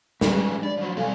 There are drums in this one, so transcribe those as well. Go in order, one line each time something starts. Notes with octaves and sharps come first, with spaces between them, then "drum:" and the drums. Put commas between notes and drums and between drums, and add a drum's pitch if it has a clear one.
G3 C#4 B4, drum: snare
F3 G#3
G3 D4 D5 B5
F3 F#3
G3 C4 A4 D5 F5 G#5